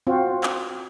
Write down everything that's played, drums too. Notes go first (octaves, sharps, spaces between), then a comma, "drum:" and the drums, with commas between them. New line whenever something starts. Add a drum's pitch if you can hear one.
C4 F4 F#4
drum: clap